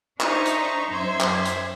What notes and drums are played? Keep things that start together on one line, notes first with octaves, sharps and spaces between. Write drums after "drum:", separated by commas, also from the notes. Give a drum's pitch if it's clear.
D4 D#4 C5 E5 A#5 C#6, drum: clap
drum: hi-hat
F#2 C5 E5 G#6
drum: clap
drum: hi-hat